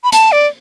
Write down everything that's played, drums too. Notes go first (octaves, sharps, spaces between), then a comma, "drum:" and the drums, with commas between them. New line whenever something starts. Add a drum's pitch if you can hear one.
B5
A5, drum: hi-hat
D5